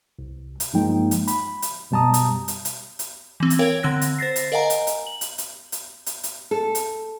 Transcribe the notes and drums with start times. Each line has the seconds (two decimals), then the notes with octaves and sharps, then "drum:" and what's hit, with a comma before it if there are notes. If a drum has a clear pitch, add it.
0.19 C2
0.60 drum: hi-hat
0.73 G2 F3 G#3 A#3 D#4 G5
1.11 drum: hi-hat
1.28 B5, drum: hi-hat
1.62 drum: hi-hat
1.91 F#2 B2 G3 A5 A#5 D#6
2.14 drum: hi-hat
2.48 drum: hi-hat
2.65 drum: hi-hat
2.99 drum: hi-hat
3.40 E3 C4
3.50 drum: hi-hat
3.59 A#4 C#5 F5 G5 G#6
3.83 D3 C4 E6 F#6 A#6
4.01 drum: hi-hat
4.19 C5 A6 A#6 C7
4.36 drum: hi-hat
4.52 A#4 D#5 F5 F#5 G#5 A#5
4.70 drum: hi-hat
4.87 drum: hi-hat
5.07 F#7
5.21 drum: hi-hat
5.38 drum: hi-hat
5.72 drum: hi-hat
6.06 drum: hi-hat
6.24 drum: hi-hat
6.51 A4
6.75 drum: hi-hat